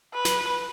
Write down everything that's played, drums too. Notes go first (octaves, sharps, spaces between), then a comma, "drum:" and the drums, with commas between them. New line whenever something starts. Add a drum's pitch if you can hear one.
B4
drum: snare